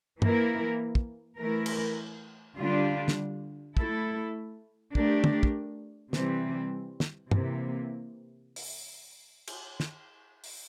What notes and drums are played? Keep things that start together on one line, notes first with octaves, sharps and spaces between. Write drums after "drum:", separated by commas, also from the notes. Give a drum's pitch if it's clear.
E3 A#3 E4 A#4, drum: tom
drum: kick
E3 A3 E4 A#4
drum: cymbal
D3 G3 D4 F4
drum: snare
A3 E4 A4, drum: kick
A3 D4 G4 A#4, drum: kick
drum: tom
drum: kick
C3 E3 G3 C4, drum: snare
drum: snare
C3 E3 A#3, drum: tom
drum: open hi-hat
drum: cymbal
drum: snare
drum: open hi-hat